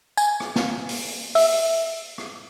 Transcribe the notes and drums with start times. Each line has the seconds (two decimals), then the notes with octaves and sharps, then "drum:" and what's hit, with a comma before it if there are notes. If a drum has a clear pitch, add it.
0.17 G#5, drum: tambourine
0.40 drum: rim click
0.56 drum: snare
0.89 drum: open hi-hat
1.35 E5, drum: open hi-hat
2.18 drum: rim click